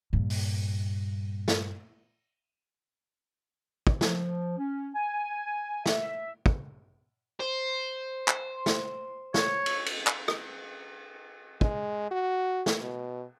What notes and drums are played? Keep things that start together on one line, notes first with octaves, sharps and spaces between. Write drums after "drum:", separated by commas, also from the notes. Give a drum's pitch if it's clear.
G2 A#2
drum: open hi-hat
drum: snare
drum: kick
F3, drum: snare
C#4
G#5
E5, drum: snare
drum: kick
C5
drum: clap
drum: snare
C#5, drum: snare
drum: cymbal
drum: cymbal
drum: clap
drum: rim click
G#3, drum: kick
F#4
drum: snare
B2